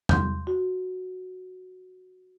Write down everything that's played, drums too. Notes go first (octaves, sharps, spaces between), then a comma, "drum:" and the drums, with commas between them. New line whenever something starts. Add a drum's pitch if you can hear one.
C6 G6, drum: tom E2
F#4